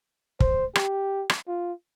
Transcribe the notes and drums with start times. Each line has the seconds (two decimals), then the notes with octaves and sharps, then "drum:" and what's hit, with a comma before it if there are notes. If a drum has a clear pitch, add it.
0.40 C5, drum: kick
0.75 G4, drum: rim click
1.30 drum: rim click
1.48 F4